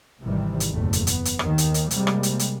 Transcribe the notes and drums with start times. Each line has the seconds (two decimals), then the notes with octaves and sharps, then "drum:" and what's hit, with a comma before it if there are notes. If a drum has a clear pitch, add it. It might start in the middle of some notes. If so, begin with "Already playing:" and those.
0.23 G#1 C3 D#3 E3 G3
0.60 drum: hi-hat
0.72 F#1 E2 A2 A3
0.93 drum: hi-hat
1.07 B3, drum: hi-hat
1.25 drum: hi-hat
1.39 D#2 D#3, drum: rim click
1.58 drum: hi-hat
1.74 drum: hi-hat
1.91 C3 G3 G#3 A#3, drum: hi-hat
2.07 drum: rim click
2.23 drum: hi-hat
2.39 drum: hi-hat